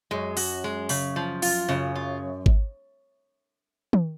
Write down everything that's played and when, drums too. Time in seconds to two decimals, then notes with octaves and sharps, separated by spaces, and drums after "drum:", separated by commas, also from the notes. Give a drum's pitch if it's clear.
0.11 F#2 G#3
0.37 F#4, drum: open hi-hat
0.64 G#3
0.89 C#3, drum: open hi-hat
1.16 F3
1.42 F4, drum: open hi-hat
1.68 F#2 C#3
1.95 F4
2.46 drum: kick G#1
3.93 drum: tom